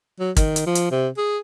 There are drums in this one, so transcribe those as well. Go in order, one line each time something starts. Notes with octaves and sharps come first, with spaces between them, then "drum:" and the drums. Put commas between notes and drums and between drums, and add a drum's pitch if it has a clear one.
F#3
D#3, drum: kick, hi-hat
drum: hi-hat
F3
drum: hi-hat
C3
G#4